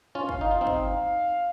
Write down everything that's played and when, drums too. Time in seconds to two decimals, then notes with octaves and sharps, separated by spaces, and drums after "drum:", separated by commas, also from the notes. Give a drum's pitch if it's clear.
0.15 C#4 F4
0.29 F5, drum: kick
0.41 D#4
0.51 F4
0.61 C4 D#4
0.67 F5, drum: kick